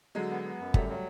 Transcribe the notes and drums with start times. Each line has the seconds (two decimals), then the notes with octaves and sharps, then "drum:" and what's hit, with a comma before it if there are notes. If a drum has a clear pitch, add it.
0.15 D3 F#3 G#3
0.31 B3
0.44 B3
0.60 F#2
0.74 F#3 G3 A3, drum: kick G1
0.89 F#3